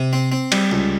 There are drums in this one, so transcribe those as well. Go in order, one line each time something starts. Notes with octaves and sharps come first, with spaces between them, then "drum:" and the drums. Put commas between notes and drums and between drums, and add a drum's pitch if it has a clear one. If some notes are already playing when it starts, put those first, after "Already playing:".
Already playing: C3
C4
C4
G3, drum: cymbal
C#2